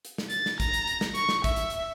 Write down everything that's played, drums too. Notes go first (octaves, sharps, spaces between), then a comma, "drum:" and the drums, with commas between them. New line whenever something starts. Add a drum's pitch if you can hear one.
drum: hi-hat
drum: snare
A6, drum: hi-hat
drum: snare
A#5, drum: kick, hi-hat
drum: hi-hat
drum: hi-hat
drum: snare
C#6, drum: hi-hat
drum: snare
E5, drum: kick, hi-hat
drum: hi-hat
drum: hi-hat